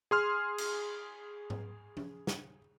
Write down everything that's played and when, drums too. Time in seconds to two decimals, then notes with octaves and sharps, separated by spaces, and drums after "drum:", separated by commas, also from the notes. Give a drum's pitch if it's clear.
0.11 G#4 C6 F6
0.58 drum: cymbal
1.50 drum: tom G#2
1.97 drum: tom
2.27 drum: snare